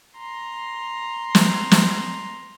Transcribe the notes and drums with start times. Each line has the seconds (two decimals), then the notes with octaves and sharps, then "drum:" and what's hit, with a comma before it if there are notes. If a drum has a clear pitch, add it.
0.18 A#5 C6
1.35 drum: snare
1.71 drum: snare